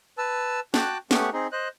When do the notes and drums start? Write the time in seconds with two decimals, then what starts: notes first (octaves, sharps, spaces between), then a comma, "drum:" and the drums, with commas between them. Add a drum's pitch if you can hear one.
0.18 B4 A5 E6
0.74 F#4 G5 A5 D6 F#6, drum: snare
1.11 A3 B3 C#4 G4 F#5 C#6, drum: snare
1.33 C4 D#4 G#4
1.52 C5 D#5 F#6